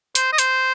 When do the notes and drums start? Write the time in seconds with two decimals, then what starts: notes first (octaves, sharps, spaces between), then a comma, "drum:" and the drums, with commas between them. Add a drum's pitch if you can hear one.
0.15 C5, drum: hi-hat
0.32 D#5
0.38 C5, drum: hi-hat